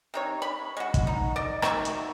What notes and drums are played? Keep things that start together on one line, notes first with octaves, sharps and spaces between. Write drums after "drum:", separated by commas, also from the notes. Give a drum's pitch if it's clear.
C3 D#4 C#5
B5
G#3 F#4
drum: kick, hi-hat
D#4
D5 D#5
D#3 F#3 E5 C#6, drum: rim click
drum: hi-hat